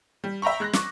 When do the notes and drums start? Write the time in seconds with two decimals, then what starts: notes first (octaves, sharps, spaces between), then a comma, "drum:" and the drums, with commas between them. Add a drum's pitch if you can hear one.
0.24 G3
0.42 E5 G5 A#5 B5 C#6
0.60 G#3 F#6 A#6
0.73 C#6 D6, drum: snare